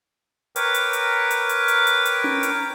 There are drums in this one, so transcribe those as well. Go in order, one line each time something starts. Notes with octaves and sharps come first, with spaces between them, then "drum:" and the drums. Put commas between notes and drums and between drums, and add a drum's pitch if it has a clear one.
A#4 B4 C#5 G5 D6, drum: hi-hat
drum: hi-hat
drum: hi-hat
drum: hi-hat
drum: hi-hat
drum: hi-hat
drum: hi-hat
drum: hi-hat
drum: tom C#4
drum: hi-hat